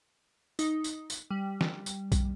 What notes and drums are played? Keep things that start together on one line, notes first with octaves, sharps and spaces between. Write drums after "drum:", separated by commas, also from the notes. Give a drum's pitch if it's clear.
D#4, drum: tambourine
drum: tambourine
drum: tambourine
G3
drum: snare
drum: tambourine
drum: kick B1, tambourine